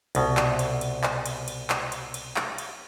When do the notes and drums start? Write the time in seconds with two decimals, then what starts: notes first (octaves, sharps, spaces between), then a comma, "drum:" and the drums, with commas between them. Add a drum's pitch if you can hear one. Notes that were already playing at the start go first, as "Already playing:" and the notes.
0.15 C2 B2, drum: cymbal
0.37 drum: clap
0.59 drum: cymbal
0.81 drum: cymbal
1.03 drum: clap
1.26 drum: cymbal
1.48 drum: cymbal
1.70 drum: clap
1.92 drum: cymbal
2.14 drum: cymbal
2.36 drum: clap
2.58 drum: cymbal